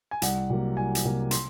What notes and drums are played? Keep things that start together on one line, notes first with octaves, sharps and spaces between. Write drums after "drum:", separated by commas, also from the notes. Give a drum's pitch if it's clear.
G#5
C2 F#5, drum: hi-hat
C3 F#3 A#3
C2 G#5
drum: hi-hat
C3 F#3 A#3
C6, drum: hi-hat